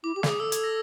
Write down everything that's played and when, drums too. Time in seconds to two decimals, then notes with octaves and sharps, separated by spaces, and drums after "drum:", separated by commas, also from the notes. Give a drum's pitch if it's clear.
0.04 E4 D6
0.16 G4 D6
0.23 A4, drum: snare
0.28 G#4 D#6
0.40 A4 E6
0.52 G#6, drum: hi-hat
0.64 A#6